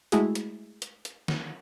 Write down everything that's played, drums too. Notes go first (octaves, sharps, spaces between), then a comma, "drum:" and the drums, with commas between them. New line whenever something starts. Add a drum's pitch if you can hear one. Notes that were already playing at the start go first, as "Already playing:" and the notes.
G#3 A3 E4 F#4 G#4, drum: hi-hat
drum: hi-hat
drum: hi-hat
drum: hi-hat
drum: snare